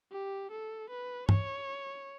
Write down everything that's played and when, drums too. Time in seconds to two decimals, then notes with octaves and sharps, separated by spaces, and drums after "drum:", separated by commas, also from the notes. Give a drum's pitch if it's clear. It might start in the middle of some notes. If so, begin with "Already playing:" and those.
0.12 G4
0.52 A4
0.90 B4
1.29 C#5, drum: tom G2